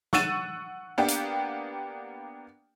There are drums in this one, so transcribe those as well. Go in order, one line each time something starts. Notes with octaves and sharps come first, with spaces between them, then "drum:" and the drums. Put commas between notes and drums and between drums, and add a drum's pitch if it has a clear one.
F#5 C#6 E6 A6 D#7 E7, drum: snare
A#3 B3 D4 G4 F5 G5
drum: hi-hat